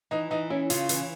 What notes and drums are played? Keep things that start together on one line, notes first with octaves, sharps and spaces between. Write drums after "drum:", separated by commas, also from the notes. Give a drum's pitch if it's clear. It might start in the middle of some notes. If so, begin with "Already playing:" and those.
E3 D#4
E3 D#4
C#4 E4
C#3 F4, drum: hi-hat
E3, drum: hi-hat